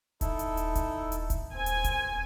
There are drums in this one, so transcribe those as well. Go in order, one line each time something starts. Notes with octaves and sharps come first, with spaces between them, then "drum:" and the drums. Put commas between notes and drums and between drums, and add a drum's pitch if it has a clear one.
D#4 E4 A4, drum: kick D#1, hi-hat
drum: hi-hat
drum: hi-hat
drum: kick D#1, hi-hat
drum: hi-hat
drum: kick D#1, hi-hat
C4 G#5
drum: hi-hat
drum: kick D#1, hi-hat